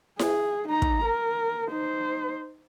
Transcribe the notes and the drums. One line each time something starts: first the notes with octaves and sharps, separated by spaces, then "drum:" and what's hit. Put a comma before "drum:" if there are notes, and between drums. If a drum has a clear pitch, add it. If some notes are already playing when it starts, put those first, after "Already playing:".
G#4, drum: snare E4
D#4 A#5
drum: kick
A#4
D#4 C5